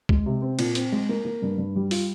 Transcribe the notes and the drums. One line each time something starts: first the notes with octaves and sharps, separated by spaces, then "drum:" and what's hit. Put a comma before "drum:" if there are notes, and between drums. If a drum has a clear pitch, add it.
G#3, drum: kick C2
C3
C4
A#2, drum: cymbal
C4, drum: hi-hat
G#3
A#3
A#3
G2
G2
G3
F4, drum: open hi-hat